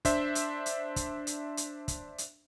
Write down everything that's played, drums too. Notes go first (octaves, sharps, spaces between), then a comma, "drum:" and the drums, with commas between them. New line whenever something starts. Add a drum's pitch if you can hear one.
D4 C5 E5, drum: kick, hi-hat
drum: hi-hat
drum: hi-hat
drum: kick, hi-hat
drum: hi-hat
drum: hi-hat
drum: kick, hi-hat
drum: hi-hat